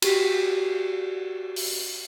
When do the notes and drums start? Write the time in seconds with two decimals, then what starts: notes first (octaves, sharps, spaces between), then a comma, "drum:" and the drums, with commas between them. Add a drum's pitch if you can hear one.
0.02 F#4 G4 B6, drum: cymbal
1.56 drum: open hi-hat